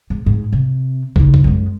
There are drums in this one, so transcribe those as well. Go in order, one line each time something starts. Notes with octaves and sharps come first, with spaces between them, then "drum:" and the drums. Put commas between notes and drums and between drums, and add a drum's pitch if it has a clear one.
G#2
G#2
C3
C#3 D#4, drum: kick
drum: kick
F#2 G#3